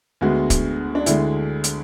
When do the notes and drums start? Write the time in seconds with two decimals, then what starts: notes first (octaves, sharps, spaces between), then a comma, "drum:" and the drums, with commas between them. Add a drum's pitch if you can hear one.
0.21 D2 D3 G#3 B3 F#4
0.50 drum: kick, hi-hat
0.95 D4
1.06 D2 D3 G#3 E4, drum: hi-hat
1.64 drum: hi-hat